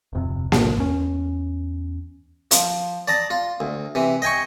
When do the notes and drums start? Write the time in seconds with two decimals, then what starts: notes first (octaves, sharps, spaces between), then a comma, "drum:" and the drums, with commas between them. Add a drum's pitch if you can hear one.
0.13 D1 F2 C3
0.52 A1 D2 G#2, drum: snare A#3
0.78 E2 C#4
2.51 F3, drum: hi-hat
3.08 D5 A5 A#5 D#6
3.30 F4
3.60 D2
3.95 C3 E3
4.22 D#5 G5 G#5 C#6